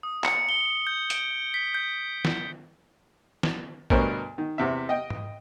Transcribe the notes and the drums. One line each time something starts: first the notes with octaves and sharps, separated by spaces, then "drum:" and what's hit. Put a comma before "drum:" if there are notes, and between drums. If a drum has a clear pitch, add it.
D#6
C#7, drum: clap
G7
G6
D7, drum: hi-hat
B6
G6
drum: snare
drum: snare
D2 G2 B2 A#4 C5 C#5, drum: kick
D#3
E2 C3 E5
D#5 G5
drum: tom